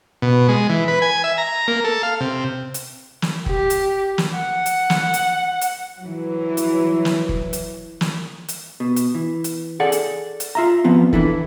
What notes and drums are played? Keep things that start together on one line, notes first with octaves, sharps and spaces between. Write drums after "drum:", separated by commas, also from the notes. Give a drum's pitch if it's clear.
B2
G#3
E3
B4
G#5
E5
A#5
A#3
A4
F5
C3
drum: hi-hat
drum: snare
G4, drum: kick F#1
drum: hi-hat
drum: snare
F#5
drum: hi-hat
drum: snare
drum: hi-hat
drum: hi-hat
E3 F#3
drum: hi-hat
drum: snare
drum: kick F#1
drum: hi-hat
drum: snare
drum: hi-hat
B2
drum: hi-hat
E3
drum: hi-hat
G#4 A4 D5 F#5
drum: hi-hat
drum: hi-hat
F4 E5 A#5
F3 B3 C4
E3 D4 E4 A4, drum: kick F#1